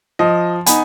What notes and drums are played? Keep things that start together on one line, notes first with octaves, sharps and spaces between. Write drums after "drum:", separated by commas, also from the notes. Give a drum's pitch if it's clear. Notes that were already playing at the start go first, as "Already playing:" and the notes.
F3 D#5
B3 D#4 G#5 B5, drum: hi-hat